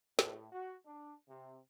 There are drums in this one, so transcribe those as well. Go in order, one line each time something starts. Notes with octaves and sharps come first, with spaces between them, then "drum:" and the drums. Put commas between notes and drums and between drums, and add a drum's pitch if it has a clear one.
A2, drum: snare
F#4
D4
C3